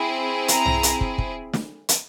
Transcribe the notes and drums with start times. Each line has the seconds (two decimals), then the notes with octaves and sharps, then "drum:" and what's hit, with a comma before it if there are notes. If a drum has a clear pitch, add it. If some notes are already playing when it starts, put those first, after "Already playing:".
Already playing: C4 E4 G#4
0.48 A#5, drum: hi-hat
0.66 drum: tom
0.83 drum: hi-hat
1.01 drum: kick
1.18 drum: kick
1.53 drum: snare
1.89 drum: hi-hat